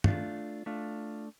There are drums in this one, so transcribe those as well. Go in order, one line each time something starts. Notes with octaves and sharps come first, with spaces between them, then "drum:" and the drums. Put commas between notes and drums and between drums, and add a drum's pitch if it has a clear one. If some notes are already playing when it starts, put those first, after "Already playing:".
A3 D4 F4, drum: tom
A3 D4 F4